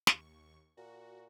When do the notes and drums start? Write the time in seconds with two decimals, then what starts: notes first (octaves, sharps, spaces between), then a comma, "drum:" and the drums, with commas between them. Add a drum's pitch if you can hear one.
0.07 D#2 C#6, drum: snare
0.77 A#2 F#4